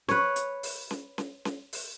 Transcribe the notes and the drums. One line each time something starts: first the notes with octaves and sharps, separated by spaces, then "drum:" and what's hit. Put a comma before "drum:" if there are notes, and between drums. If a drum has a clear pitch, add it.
B4 C#5, drum: snare C#4
drum: hi-hat
drum: open hi-hat
drum: snare C#4
drum: snare C#4
drum: snare C#4
drum: open hi-hat